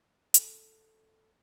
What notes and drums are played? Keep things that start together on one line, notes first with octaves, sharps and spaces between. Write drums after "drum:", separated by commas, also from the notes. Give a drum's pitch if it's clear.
A4, drum: hi-hat